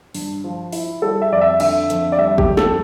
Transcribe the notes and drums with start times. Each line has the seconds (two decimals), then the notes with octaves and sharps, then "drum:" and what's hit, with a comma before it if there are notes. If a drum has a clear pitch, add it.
0.15 G2, drum: open hi-hat
0.44 F3
0.72 E4, drum: open hi-hat
1.02 G3 A4
1.22 E5
1.32 F2 D5
1.41 E5
1.60 D3 E5, drum: cymbal
1.90 F2, drum: hi-hat
2.12 D5
2.18 G3 E5
2.38 G4, drum: kick
2.48 F2
2.57 A4, drum: snare